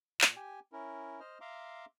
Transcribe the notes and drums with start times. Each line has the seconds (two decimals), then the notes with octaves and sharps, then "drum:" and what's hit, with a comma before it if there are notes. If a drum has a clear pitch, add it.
0.21 A#2, drum: clap
0.36 G4 G5 G#5
0.72 C#4 E4 A#4
1.20 C5 D#5 F6
1.41 E5 F5 A#5 C6 D6